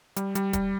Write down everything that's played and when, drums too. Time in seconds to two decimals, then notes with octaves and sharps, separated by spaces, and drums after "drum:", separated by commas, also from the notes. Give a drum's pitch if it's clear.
0.16 G3, drum: hi-hat
0.35 G3, drum: hi-hat
0.53 G3, drum: kick D#1, hi-hat